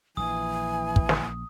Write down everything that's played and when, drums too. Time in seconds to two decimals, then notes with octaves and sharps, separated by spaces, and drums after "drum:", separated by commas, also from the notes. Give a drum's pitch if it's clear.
0.17 A#1 E3 A#3 G#5 D#6
0.96 drum: kick
1.09 drum: snare